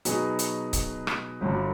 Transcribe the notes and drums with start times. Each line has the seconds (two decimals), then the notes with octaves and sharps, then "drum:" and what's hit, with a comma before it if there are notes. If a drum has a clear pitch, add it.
0.05 B2 F#3 B3 D#4 G#4, drum: hi-hat
0.39 drum: hi-hat
0.73 drum: kick C#1, hi-hat
1.07 drum: rim click
1.41 G1 G2 D3 F#3